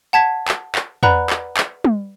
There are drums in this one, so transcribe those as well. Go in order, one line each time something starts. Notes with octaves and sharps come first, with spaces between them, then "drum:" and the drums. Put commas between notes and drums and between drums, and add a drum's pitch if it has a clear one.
F#5 A5 G#6 B6
drum: clap
drum: clap
B4 D5 F#5 A#5 B5 F#6, drum: tom
drum: clap
drum: clap
drum: tom